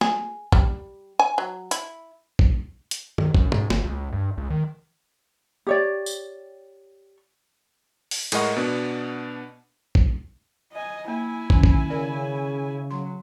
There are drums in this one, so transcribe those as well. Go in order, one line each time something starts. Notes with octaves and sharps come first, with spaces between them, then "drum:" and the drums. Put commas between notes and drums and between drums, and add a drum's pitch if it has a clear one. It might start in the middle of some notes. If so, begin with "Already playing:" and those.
G#4, drum: snare
G3, drum: kick
G#5
F#3
E4, drum: hi-hat
drum: kick
drum: hi-hat
D#3, drum: tom
F#2, drum: kick
G#2, drum: tom
G1, drum: snare
C#2
G2
C#2
D#3
G4 C#5 D5
drum: tambourine
drum: open hi-hat
A2 G#3 A#4 D#5 F#5 C#6, drum: cymbal
B2 B3 D4
drum: kick
D#5 G#5
A#3 E4 G#5
D#3 C#4, drum: kick
drum: kick
C#3 A#4 D5
F#3 C6